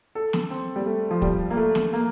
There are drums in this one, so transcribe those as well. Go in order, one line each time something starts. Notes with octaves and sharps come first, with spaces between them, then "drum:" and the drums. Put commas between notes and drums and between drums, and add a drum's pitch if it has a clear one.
A4
drum: snare
C4
G3
A3
F3
G3, drum: kick
A#3
A3
drum: snare
A#3